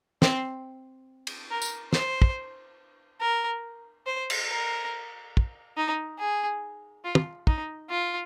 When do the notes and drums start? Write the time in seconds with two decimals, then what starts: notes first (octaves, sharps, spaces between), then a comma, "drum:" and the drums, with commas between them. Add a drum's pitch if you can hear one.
0.22 C4, drum: snare
1.27 drum: cymbal
1.51 A#4
1.62 drum: tambourine
1.93 C5, drum: snare
2.22 drum: kick
3.21 A#4
4.06 C5
4.30 drum: cymbal
4.48 A#4
5.37 drum: kick
5.77 D#4
6.19 G#4
7.04 F4
7.15 drum: tom
7.47 D#4, drum: kick
7.90 F4